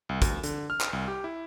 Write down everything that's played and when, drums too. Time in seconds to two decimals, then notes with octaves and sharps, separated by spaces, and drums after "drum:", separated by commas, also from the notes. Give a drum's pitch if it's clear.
0.09 C2
0.22 D2, drum: kick, hi-hat
0.44 D3, drum: hi-hat
0.70 F6
0.81 drum: clap
0.93 C2
1.08 G4
1.24 E4